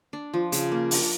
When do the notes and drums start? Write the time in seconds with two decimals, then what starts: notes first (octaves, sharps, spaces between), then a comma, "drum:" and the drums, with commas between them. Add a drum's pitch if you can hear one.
0.13 D4
0.34 F3
0.52 C#3, drum: hi-hat
0.72 A#3
0.91 D4, drum: open hi-hat